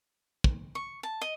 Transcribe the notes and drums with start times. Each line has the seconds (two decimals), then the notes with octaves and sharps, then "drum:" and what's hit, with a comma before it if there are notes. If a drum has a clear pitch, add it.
0.44 drum: kick
0.75 C#6
1.03 A5
1.22 D#5